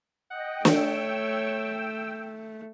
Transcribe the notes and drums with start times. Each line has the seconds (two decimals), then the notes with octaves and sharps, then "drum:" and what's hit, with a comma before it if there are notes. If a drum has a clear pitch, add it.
0.31 D#5 F#5 G5
0.65 A3 C#5 G5 E6, drum: snare